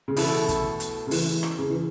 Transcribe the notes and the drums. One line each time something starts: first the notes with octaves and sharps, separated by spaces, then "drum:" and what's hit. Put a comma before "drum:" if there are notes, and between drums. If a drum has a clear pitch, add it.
C#3
B2 E3 A3 E4 A4, drum: open hi-hat
drum: kick, hi-hat
drum: hi-hat
C#3
E3, drum: open hi-hat
drum: rim click
C#3
E3